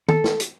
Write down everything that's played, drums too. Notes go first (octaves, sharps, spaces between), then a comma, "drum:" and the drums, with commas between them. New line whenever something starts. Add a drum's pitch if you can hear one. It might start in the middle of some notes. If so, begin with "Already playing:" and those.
A4, drum: tom D#3
drum: snare
drum: hi-hat